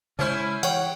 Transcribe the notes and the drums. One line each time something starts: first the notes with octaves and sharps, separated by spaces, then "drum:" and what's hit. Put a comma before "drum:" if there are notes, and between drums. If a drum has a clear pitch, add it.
C#3 G#3 C#4 E4 C5 F6
E3 C#5 F#5 G5, drum: cymbal